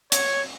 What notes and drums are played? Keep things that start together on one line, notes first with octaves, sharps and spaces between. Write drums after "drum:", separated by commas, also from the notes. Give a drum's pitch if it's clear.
C#5, drum: hi-hat